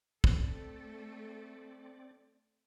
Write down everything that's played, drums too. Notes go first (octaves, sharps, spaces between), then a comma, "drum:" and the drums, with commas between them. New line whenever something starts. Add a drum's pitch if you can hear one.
A3 C4 A4 D5, drum: kick